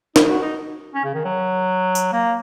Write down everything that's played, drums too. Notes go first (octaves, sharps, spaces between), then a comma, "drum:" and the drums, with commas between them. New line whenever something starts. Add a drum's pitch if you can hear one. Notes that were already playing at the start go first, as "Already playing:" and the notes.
D#4, drum: snare
F#4
D#4
C#4
C#3
D#3
F#3
drum: tambourine
A#3